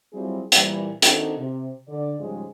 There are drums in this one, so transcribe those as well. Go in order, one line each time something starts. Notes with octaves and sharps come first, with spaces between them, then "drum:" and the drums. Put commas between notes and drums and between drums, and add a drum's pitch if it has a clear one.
F#3 G3 C4 E4 F4 G#4
A#2 E3 G3, drum: hi-hat
D#3 C4 D4 D#4 F#4 A4, drum: hi-hat
C3
D3 D5
G#2 C#3 F3 G3 G#3